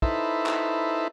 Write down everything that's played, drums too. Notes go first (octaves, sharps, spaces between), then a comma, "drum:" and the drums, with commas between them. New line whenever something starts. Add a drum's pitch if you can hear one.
D#4 E4 A4 B4 C5 E5, drum: kick
drum: clap